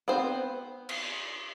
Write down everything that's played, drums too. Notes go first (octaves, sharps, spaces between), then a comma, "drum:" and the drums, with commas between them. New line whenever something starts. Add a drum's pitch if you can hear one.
B3 C4 C5
drum: cymbal